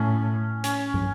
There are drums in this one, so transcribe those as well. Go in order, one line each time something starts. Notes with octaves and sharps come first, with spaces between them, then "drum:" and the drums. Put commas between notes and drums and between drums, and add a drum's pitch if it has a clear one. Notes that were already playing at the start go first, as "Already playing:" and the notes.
Already playing: A2 C#4
C#4, drum: hi-hat
drum: tom